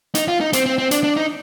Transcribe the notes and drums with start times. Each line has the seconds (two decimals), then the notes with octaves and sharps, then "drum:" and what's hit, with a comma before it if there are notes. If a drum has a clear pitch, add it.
0.15 D#4, drum: hi-hat
0.28 F4
0.41 D#4
0.53 C4, drum: hi-hat
0.66 C4
0.78 C4
0.91 D4, drum: hi-hat
1.03 D4
1.16 D#4